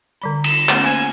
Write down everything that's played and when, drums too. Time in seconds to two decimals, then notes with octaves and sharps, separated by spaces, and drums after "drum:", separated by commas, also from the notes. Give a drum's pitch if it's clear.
0.22 D3 G3 B5
0.44 E7, drum: cymbal
0.69 A3 B3 C#4, drum: clap
0.84 A#3 C5 G#5